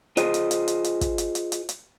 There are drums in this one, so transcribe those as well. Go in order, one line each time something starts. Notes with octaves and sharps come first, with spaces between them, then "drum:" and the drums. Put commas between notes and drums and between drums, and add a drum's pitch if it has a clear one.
F4 G#4 C5 D#5, drum: hi-hat
drum: hi-hat
drum: hi-hat
drum: hi-hat
drum: hi-hat
drum: kick, hi-hat
drum: hi-hat
drum: hi-hat
drum: hi-hat
drum: hi-hat